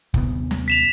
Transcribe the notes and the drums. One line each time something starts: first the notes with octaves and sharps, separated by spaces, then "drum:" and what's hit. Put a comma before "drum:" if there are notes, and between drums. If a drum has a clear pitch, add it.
D#2 C3 B3, drum: kick
drum: snare
B6 E7 F7